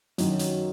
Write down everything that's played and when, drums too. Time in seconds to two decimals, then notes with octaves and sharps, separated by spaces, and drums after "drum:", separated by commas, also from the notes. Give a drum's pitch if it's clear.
0.18 F#2 D#3 F#3, drum: hi-hat
0.39 drum: hi-hat